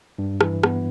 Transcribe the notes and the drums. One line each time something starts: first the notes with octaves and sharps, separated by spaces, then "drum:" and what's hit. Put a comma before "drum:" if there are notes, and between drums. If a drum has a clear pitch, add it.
G2
E3, drum: rim click
B3, drum: rim click